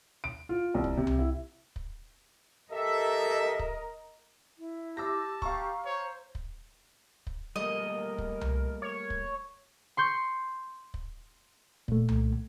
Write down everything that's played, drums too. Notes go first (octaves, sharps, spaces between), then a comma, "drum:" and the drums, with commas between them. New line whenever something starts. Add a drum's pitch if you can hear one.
D7
F4
C2
drum: kick
C3
drum: tom C2
E4
drum: kick
G4 A4 A#4 D#5 E5
drum: kick
E4
G4 A5 D6 E6 A#6
G4 F5 A#5 C#6, drum: kick
C5 C#5
drum: kick
drum: kick
G3 A3 A#3 A#4 D#5
drum: kick
drum: tom C2
C#5
drum: kick
C6 C#6 G6
drum: kick
A#2 A3, drum: kick
drum: tom C2